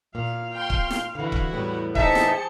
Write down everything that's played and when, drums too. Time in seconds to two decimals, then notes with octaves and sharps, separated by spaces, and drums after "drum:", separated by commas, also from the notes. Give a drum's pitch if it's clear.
0.15 A#2 F5
0.56 G5 C6 C#6
0.70 drum: kick
0.91 drum: snare
1.15 D3 E3 E4 F#4
1.32 drum: kick
1.53 E2 A2 G3 B3
1.95 D#4 G4 G#4 C5 E5 A5 C#7, drum: kick
2.15 drum: snare